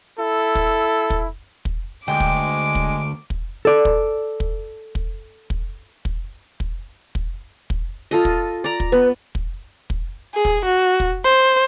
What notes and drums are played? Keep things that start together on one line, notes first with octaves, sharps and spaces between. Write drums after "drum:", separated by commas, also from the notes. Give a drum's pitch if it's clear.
E4 A4
drum: kick
drum: kick
drum: kick
D2 G#3 G5 D6 D7
drum: kick
drum: kick
drum: kick
A4 D5
drum: kick
drum: kick
drum: kick
drum: kick
drum: kick
drum: kick
drum: kick
drum: kick
F4 A4 D#5
drum: kick
D5 A#5
drum: kick
B3 B4
drum: kick
drum: kick
G#4
drum: kick
F#4
drum: kick
C5